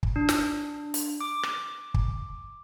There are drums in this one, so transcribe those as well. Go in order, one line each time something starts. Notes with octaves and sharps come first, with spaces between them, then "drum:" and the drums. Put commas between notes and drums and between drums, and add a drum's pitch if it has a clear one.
drum: kick
D4
drum: snare
drum: hi-hat
D6
drum: rim click
drum: kick